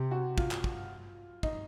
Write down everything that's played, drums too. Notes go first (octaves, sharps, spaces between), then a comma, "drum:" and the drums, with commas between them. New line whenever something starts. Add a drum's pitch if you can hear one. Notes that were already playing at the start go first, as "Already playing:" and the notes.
Already playing: C3 G4
F#4
F4, drum: kick
drum: clap
drum: kick
D#4, drum: kick